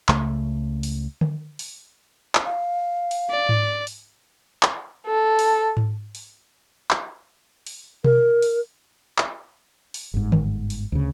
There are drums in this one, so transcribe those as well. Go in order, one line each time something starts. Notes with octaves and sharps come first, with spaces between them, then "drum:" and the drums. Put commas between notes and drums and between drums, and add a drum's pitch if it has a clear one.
C#2 C#3 A3, drum: clap
drum: open hi-hat
drum: tom D3
drum: open hi-hat
drum: clap
F5
drum: open hi-hat
D5
drum: tom G#2
drum: open hi-hat
drum: clap
A4
drum: open hi-hat
drum: tom G#2
drum: open hi-hat
drum: clap
drum: open hi-hat
A#4, drum: tom B2
drum: open hi-hat
drum: clap
drum: open hi-hat
G1 G#2
drum: tom D3
drum: open hi-hat
D2 C#3